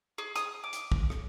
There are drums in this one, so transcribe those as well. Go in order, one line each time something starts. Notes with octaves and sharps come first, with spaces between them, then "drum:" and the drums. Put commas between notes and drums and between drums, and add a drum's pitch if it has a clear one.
G#4
D#6, drum: hi-hat
D6
drum: hi-hat
drum: kick
drum: rim click